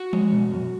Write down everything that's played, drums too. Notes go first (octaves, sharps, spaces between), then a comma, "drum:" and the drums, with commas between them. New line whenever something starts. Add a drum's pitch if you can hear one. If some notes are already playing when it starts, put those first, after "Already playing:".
Already playing: F#4
G#3, drum: tom E3
B2
F#2